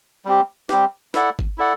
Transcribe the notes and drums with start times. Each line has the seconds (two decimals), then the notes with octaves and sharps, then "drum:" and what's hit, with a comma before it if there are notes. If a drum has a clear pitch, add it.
0.25 G3 C4 G4
0.69 G3 C4 G4, drum: snare
1.14 E4 A4 D5 F#5, drum: snare
1.39 drum: kick G1
1.58 E4 A4 D5 F#5